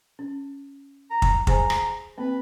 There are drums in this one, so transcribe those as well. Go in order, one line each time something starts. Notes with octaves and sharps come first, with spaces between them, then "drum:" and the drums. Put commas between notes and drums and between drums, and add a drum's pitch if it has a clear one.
C#4
A#5
drum: kick
G#4 C5 G#5 A#5, drum: kick
drum: rim click
A#3 C4 B4